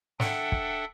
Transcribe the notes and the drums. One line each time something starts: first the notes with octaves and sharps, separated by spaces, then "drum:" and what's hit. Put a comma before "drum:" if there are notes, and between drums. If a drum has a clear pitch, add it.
D4 A4 E5 F#5 G5, drum: snare
drum: kick